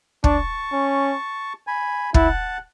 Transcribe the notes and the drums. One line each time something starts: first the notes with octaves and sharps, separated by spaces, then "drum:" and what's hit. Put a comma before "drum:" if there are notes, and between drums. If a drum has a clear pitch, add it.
D4 A5 C#6, drum: kick
C#4
G#5 B5
E4 F#5 A5, drum: kick